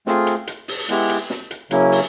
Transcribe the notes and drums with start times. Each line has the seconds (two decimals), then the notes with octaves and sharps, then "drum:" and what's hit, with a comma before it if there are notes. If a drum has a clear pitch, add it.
0.07 A3 C4 F4 G#4, drum: snare
0.27 drum: hi-hat
0.47 drum: hi-hat
0.68 drum: open hi-hat
0.89 G#3 B3 E4 G4, drum: hi-hat
1.09 drum: hi-hat
1.30 drum: snare
1.51 drum: hi-hat
1.71 C#3 F#3 A#3 C#4 E4, drum: hi-hat
1.92 drum: open hi-hat